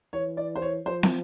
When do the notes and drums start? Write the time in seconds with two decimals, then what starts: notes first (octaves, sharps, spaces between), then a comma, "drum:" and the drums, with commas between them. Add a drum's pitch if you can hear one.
0.13 E3 C#5
0.37 D5
0.56 C5
0.62 C#5
0.86 F3 C5
1.03 drum: snare